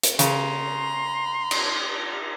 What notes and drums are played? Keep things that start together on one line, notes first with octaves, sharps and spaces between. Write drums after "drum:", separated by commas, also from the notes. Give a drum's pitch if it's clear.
drum: hi-hat
C#3 A#5 C6, drum: hi-hat
drum: cymbal